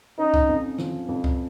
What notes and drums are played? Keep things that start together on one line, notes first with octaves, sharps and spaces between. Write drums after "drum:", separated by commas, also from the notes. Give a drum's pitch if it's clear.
C#4 D#4
drum: kick C2
F2
F3, drum: rim click
F2
drum: kick C2